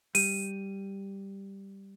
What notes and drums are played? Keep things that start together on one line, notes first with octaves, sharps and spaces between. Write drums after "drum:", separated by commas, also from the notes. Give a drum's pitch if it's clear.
G3 D#7, drum: open hi-hat